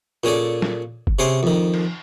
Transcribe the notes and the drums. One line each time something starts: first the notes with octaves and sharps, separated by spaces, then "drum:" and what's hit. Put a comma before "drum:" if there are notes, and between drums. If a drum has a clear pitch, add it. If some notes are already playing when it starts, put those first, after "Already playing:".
A#2 C#4 G#4 A4 D5
drum: snare
drum: kick
C3 C#4 G#4 C5 C6 D6
F2 D#3
drum: cymbal